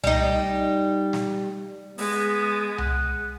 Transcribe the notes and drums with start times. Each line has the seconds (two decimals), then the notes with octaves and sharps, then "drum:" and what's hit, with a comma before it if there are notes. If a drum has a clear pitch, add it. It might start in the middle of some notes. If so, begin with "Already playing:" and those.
0.04 G3 D#4, drum: tom C2
1.13 drum: snare
1.98 G#3 B3, drum: open hi-hat
2.78 F#5, drum: tom C2